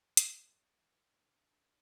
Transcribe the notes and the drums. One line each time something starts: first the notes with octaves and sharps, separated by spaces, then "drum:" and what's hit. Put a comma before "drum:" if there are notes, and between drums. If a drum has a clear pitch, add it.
E3
G3, drum: hi-hat
A#3
A3
G3
A3
D3
E3
C3
D3
C3
D3